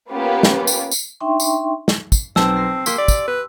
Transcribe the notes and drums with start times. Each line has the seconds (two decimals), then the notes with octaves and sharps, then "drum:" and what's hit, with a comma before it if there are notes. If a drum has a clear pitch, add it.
0.11 A#3 B3 C#4 F4 G4 B4
0.43 drum: snare
0.67 drum: tambourine
0.91 drum: tambourine
1.20 D4 D#4 E5 G5 C6 C#6
1.40 drum: tambourine
1.88 drum: snare
2.12 drum: kick, tambourine
2.36 B1 C4 A5 E6, drum: snare
2.56 A#6 C7
2.86 A#3 G4 C6 B6, drum: tambourine
2.98 D5
3.08 drum: kick, tambourine
3.28 B4